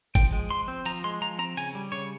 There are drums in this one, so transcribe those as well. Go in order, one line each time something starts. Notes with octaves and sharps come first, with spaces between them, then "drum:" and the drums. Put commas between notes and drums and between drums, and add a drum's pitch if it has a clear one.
F3 G5, drum: kick, cymbal
G#3
F3 C6
C4
F3 A#5, drum: cymbal
G#3 C6
F3 A#5
C4 A#5
C#3 G#5, drum: cymbal
G3
C#3 C#5